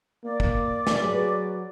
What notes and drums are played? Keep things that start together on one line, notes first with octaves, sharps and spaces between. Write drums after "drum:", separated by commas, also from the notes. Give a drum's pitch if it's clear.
A#3 D5
drum: kick
drum: snare
F#3 F#4 G#4 B4